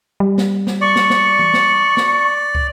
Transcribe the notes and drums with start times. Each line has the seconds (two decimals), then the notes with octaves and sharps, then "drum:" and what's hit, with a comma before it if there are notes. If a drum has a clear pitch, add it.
0.20 G3
0.38 drum: snare
0.67 drum: snare
0.81 D5 C#6
0.96 drum: snare
1.10 drum: snare
1.39 drum: tom E3
1.54 drum: snare
1.97 drum: snare
2.55 drum: kick